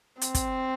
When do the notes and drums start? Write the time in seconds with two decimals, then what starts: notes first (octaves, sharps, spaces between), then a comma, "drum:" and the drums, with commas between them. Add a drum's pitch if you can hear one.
0.21 C4, drum: hi-hat
0.35 drum: kick, hi-hat